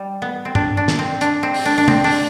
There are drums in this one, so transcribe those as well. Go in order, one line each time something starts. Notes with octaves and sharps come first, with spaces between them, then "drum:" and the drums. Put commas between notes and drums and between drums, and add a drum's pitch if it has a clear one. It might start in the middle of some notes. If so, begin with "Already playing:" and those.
Already playing: G3 D4
B3
C4
D4, drum: tom
D4
drum: snare
C4
D4, drum: hi-hat
C4
drum: open hi-hat
D4
D4
C4, drum: tom
D4, drum: open hi-hat